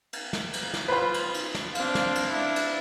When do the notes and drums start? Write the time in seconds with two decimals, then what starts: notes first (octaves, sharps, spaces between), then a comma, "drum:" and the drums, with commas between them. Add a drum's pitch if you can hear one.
0.13 drum: cymbal
0.33 drum: snare
0.53 drum: cymbal
0.74 drum: snare
0.88 F4 B4 C5 B5
1.14 drum: cymbal
1.34 drum: cymbal
1.55 drum: snare
1.75 C4 D4 F5, drum: cymbal
1.95 drum: snare
2.15 drum: cymbal
2.28 D4 E4
2.56 drum: cymbal